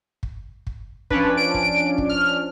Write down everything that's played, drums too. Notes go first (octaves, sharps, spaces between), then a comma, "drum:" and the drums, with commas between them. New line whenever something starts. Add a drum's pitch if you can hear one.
drum: kick
drum: kick
F3 C#4 D4 B4, drum: kick
D7
drum: kick
drum: kick
F6